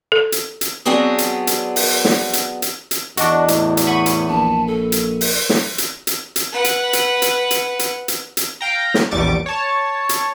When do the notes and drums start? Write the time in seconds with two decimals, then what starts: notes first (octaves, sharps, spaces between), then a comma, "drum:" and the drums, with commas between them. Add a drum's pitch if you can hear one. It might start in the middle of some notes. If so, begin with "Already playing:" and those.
0.12 A4
0.32 drum: hi-hat
0.61 drum: hi-hat
0.85 F#3 B3 C4 D4 F#4 G#4
1.18 drum: hi-hat
1.47 drum: hi-hat
1.76 drum: open hi-hat
2.05 drum: snare
2.33 drum: hi-hat
2.62 drum: hi-hat
2.91 drum: hi-hat
3.17 E2 D4 F#4 D#5, drum: hi-hat
3.48 A2, drum: hi-hat
3.77 drum: hi-hat
3.87 F#5 B5 C#6 D#7
4.06 drum: hi-hat
4.29 A#1 A5
4.67 A4
4.92 drum: hi-hat
5.21 drum: open hi-hat
5.49 drum: snare
5.78 drum: hi-hat
6.07 drum: hi-hat
6.36 drum: hi-hat
6.52 B4 F#5
6.64 drum: hi-hat
6.93 drum: hi-hat
7.22 drum: hi-hat
7.51 drum: hi-hat
7.79 drum: hi-hat
8.08 drum: hi-hat
8.37 drum: hi-hat
8.61 F5 G5 A#5
8.94 drum: snare
9.11 A#1 E2 G3 C#6 D6 A6
9.46 C#5 A5
10.09 drum: hi-hat